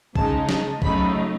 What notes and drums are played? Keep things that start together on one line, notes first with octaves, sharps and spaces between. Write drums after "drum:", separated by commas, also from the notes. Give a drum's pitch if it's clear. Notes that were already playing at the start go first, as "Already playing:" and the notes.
C#3 G#3 D#4 A5, drum: kick
A5, drum: snare
C#3 F#3 A3 D#4 B5, drum: kick